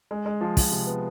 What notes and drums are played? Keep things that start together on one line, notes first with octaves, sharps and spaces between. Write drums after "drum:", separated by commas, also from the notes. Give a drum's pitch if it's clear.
G#3
G#3
F3
F3, drum: kick, open hi-hat
C3
B3